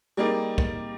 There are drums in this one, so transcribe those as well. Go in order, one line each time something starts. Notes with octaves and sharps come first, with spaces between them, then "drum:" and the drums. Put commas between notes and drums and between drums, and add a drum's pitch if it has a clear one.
G3 A#3 D#4 G#4 D5
drum: kick